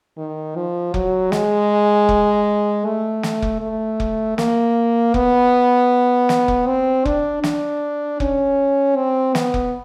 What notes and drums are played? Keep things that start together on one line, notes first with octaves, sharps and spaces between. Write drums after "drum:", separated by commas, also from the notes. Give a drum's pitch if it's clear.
D#3
F3
F#3, drum: kick F1
G#3, drum: snare
drum: kick F1
A3
drum: snare
drum: kick F1
A3
drum: kick F1
A#3, drum: snare
B3, drum: kick F1
drum: snare
drum: kick F1
C4
D4, drum: kick F1
D4, drum: snare
C#4, drum: kick F1
C4
B3, drum: snare
drum: kick F1